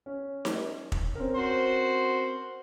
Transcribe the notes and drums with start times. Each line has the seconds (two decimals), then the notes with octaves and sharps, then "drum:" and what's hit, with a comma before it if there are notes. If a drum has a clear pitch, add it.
0.06 C#4
0.45 drum: snare D#4
0.92 drum: kick
1.15 C4 C#4 A#4
1.35 F#4 C5